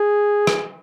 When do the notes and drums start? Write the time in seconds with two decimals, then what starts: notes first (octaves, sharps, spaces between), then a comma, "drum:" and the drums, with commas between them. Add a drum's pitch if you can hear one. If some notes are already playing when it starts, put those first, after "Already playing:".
Already playing: G#4
0.47 drum: rim click